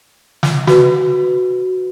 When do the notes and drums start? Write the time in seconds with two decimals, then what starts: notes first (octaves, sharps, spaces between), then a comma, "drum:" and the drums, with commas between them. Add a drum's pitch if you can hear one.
0.43 drum: snare
0.67 F#4 B4, drum: snare